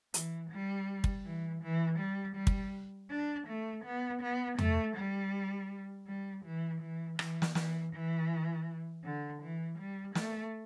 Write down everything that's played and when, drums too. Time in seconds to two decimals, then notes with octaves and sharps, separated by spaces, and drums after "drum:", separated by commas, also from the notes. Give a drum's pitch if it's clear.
0.14 E3, drum: hi-hat
0.51 G3
1.04 drum: kick
1.25 E3
1.63 E3
1.99 G3
2.36 G3
2.47 drum: kick
3.10 D4
3.48 A3
3.85 B3
4.22 B3
4.58 A3, drum: tom E2
4.96 G3
6.07 G3
6.45 E3
6.81 E3
7.19 E3, drum: rim click
7.42 drum: snare
7.55 E3, drum: snare
7.93 E3
9.04 D3
9.42 E3
9.79 G3
10.15 A3, drum: snare